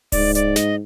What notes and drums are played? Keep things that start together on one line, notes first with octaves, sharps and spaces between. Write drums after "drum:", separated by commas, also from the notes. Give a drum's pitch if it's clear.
G#2 D5, drum: kick D1, open hi-hat
D5, drum: hi-hat
D#5, drum: snare